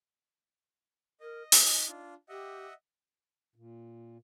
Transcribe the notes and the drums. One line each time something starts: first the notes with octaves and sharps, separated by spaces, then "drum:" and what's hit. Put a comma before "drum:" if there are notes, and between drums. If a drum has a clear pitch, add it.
A#4 D#5
D#4, drum: open hi-hat
D4 F4
G4 D#5 E5 F#5
A#2